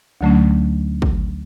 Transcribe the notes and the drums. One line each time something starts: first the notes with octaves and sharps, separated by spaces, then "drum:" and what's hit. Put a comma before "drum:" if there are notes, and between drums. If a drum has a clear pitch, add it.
D2 D3 F#3 A3 C#4
drum: kick